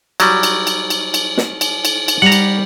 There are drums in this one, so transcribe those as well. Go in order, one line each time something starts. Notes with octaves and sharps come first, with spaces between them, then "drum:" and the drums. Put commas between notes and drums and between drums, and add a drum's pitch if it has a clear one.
F#3 G3, drum: cymbal
drum: cymbal
drum: cymbal
drum: cymbal
drum: cymbal
drum: snare
drum: cymbal
drum: cymbal
drum: cymbal
G3 F#5 A#5
drum: cymbal